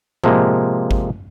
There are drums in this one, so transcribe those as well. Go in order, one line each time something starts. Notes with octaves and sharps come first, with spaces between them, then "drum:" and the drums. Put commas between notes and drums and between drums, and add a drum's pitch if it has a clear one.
C3 F3 G#3 A#3, drum: tom A2
drum: kick G#1